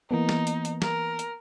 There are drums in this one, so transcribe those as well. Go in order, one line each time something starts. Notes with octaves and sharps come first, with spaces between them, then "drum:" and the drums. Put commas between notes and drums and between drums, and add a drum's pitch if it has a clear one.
E3 A#3 B3 D#4
drum: snare
drum: hi-hat
drum: hi-hat
A#4, drum: snare
drum: hi-hat